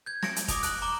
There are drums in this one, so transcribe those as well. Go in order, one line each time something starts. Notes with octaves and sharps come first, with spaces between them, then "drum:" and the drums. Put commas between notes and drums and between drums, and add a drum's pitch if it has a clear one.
G6 G#6
A#6 C#7 D7, drum: snare
drum: hi-hat
D6 D#6 F7, drum: kick, hi-hat
F#6 F#7, drum: hi-hat
A#5 D6 G7